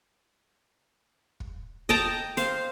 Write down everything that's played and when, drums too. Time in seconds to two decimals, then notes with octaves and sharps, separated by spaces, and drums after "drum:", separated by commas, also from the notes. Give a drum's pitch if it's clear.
1.40 drum: kick
1.89 D#5 G5 A5 A#5, drum: kick
2.37 C5 F5, drum: hi-hat